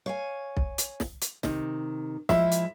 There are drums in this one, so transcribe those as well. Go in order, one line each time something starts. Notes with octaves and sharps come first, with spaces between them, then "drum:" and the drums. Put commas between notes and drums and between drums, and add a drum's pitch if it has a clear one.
C#5 F5 G#5
drum: kick B1
drum: hi-hat
drum: snare
drum: hi-hat
C3 D#3, drum: snare
F3 G#3 E4 E5, drum: snare
drum: hi-hat